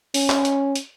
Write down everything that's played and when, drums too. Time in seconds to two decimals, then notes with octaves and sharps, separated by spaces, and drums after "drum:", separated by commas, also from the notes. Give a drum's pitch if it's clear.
0.14 C#4, drum: open hi-hat
0.30 drum: clap
0.45 drum: hi-hat
0.76 drum: hi-hat